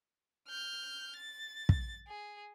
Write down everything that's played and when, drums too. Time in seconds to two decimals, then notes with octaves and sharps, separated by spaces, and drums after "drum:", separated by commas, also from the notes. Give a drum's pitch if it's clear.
0.49 F6 G6
1.16 A6
1.69 drum: kick
2.08 G#4